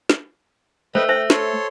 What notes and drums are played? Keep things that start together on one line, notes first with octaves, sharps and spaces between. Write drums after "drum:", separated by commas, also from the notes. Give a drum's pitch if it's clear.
drum: snare
A3 B4 C5 D#5 G5
C5 E5 G5
A4 C#5 C6, drum: snare